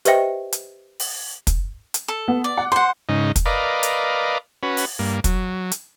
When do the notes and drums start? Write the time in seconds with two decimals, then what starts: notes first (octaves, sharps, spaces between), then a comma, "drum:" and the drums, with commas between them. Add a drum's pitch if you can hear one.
0.05 G4 B4 C5 D#5 E5 G5, drum: hi-hat
0.52 drum: hi-hat
1.00 drum: open hi-hat
1.47 drum: kick, hi-hat
1.94 drum: hi-hat
2.08 A4
2.28 B3
2.44 D5
2.57 F#5
2.72 C5 F#5 C6
3.09 G#2 C#3 D#4
3.36 drum: kick, hi-hat
3.46 A#4 B4 D5 D#5 F5
3.83 drum: hi-hat
4.63 C#4 F#4 B4
4.77 drum: open hi-hat
4.99 G2 A#3
5.24 F#3, drum: kick, hi-hat
5.72 drum: hi-hat